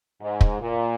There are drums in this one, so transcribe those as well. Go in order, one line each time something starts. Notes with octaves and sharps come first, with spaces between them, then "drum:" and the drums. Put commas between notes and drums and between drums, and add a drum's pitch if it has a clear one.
G#2
drum: kick
A#2